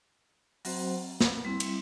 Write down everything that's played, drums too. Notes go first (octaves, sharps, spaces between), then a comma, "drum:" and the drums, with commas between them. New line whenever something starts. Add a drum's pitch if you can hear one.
F#3 C4 F#4 C5, drum: open hi-hat
drum: snare
G3 C4 E4
drum: cymbal